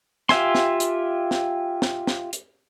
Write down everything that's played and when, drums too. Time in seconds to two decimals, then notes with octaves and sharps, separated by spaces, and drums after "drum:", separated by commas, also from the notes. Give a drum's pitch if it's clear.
0.29 F4 G4 E5 G#5 C6, drum: snare
0.55 drum: snare
0.80 drum: hi-hat
1.31 drum: snare
1.82 drum: snare
2.07 drum: snare
2.33 drum: hi-hat